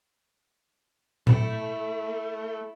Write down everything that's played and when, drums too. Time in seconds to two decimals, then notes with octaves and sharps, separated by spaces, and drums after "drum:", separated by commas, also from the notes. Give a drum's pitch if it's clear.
1.27 A3 E4, drum: tom A#2